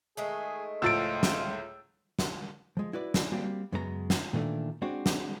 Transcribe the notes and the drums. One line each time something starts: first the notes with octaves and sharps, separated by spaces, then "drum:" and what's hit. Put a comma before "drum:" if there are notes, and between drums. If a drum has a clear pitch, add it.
D#3 G#3 A3 G#4
C#2 A2 F3 F4 E6 A6 D7
drum: snare
drum: snare
F3 G#3
E4 F#4 B4 D5
drum: snare
G3 A#3 C4 F#4 G4
F#2 C#3 G#3 B3 F#4 A#5
drum: snare
A#2 D#3 E3 A3 D4
G#3 C4 D4 F#4
drum: snare